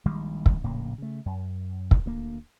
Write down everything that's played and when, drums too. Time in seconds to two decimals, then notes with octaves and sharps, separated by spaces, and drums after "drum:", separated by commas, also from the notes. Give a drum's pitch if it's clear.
0.05 A#1 D#3 G3 G#3
0.46 drum: kick
0.64 A#1 A2 C#3 A#3
0.98 C#3 A3
1.26 F#2
1.91 drum: kick
2.06 D2 A#3